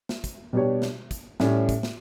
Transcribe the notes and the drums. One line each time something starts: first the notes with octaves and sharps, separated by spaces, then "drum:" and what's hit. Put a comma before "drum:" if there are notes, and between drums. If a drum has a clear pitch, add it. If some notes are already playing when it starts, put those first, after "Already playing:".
drum: snare
drum: kick, hi-hat
B2 G3 D4 G4 C#5
drum: snare
drum: kick, hi-hat
A2 G3 C#4, drum: snare
drum: kick, hi-hat
drum: snare